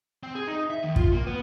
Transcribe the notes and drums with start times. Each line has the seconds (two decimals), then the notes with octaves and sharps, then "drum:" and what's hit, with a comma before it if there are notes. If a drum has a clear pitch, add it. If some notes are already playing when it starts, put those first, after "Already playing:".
0.23 C4
0.35 G#4
0.48 D#4
0.70 E5
0.83 D#2
0.96 F4, drum: kick
1.12 A#3
1.26 B3